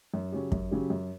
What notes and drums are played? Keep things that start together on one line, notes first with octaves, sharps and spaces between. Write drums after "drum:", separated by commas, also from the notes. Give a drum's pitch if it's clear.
F#2
C#3 F#3 C#4 G4
F#2, drum: kick
C#3 F#3 C#4 G4
F#2